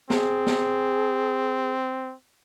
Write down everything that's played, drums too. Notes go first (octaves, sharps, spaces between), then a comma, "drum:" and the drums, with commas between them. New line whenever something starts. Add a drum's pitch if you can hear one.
C4 G#4, drum: snare
drum: snare